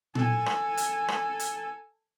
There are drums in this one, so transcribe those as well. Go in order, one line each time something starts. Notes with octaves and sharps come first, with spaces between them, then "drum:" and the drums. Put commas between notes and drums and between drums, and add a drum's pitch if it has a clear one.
A4 G#5, drum: tom A#2
drum: rim click
drum: hi-hat
drum: rim click
drum: hi-hat